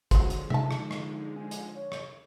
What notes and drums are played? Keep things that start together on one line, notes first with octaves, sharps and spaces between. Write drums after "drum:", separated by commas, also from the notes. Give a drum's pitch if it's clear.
D3 F3 F#3 G#3 C5, drum: kick, hi-hat
drum: hi-hat
D#4 E5 A5, drum: tom
drum: rim click
drum: rim click
G#5
drum: hi-hat
C#5
drum: rim click